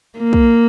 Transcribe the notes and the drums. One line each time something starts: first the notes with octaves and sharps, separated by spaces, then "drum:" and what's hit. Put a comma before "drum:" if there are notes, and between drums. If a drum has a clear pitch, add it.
A#3
drum: kick